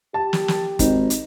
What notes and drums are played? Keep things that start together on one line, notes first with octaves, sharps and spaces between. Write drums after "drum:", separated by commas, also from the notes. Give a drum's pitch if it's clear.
G4 A5
drum: snare
drum: snare
G#1 D#4, drum: kick G1, hi-hat
drum: hi-hat